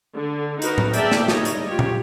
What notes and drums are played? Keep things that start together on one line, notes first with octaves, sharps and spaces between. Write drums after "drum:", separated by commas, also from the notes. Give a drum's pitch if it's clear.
D3
D#4 F#4 A#4 B4, drum: hi-hat
drum: tom A2
A#3 G#4 D5 E5 G5 A5, drum: hi-hat
drum: snare
G3 D#4 C#5 D#5, drum: snare
drum: hi-hat
F4 G4 C#5
drum: tom A#2